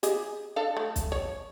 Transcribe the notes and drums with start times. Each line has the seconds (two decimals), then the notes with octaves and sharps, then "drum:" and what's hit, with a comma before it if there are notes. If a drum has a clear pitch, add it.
0.03 G4 G#4 D#5, drum: hi-hat
0.56 D4 A4 F5
0.77 A3
0.96 drum: kick, hi-hat
1.12 C#5